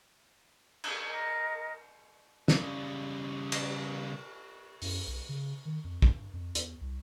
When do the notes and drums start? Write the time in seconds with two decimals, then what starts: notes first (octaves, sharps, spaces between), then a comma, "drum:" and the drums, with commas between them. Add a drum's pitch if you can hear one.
0.84 drum: cymbal
1.04 A#4 D#5
2.48 C#3 G3, drum: snare
3.52 drum: cymbal
4.82 F#2, drum: open hi-hat
5.07 B1
5.29 C#3
5.65 D#3
5.84 F2
6.02 G2, drum: kick
6.33 F2
6.55 E2, drum: hi-hat
6.81 C2